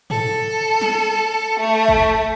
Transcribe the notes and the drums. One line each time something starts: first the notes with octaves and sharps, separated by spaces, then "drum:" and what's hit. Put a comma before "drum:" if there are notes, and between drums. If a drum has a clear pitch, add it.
A4, drum: tom G#2
drum: snare
A3
drum: kick